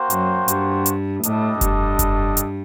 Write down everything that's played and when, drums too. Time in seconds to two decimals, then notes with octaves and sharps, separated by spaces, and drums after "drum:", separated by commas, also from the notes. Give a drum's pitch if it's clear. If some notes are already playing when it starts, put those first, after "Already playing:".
Already playing: A#3 F#4 C5 G5
0.10 F#2, drum: hi-hat
0.48 G2, drum: hi-hat
0.86 drum: hi-hat
1.23 A2 G3 D4 A4 D#5, drum: hi-hat
1.61 G2, drum: kick F1, hi-hat
1.99 drum: kick F1, hi-hat
2.37 drum: hi-hat